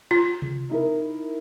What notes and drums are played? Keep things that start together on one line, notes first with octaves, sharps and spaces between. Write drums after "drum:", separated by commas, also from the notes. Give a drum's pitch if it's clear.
F4
drum: tom C3
D#4 E4 A#4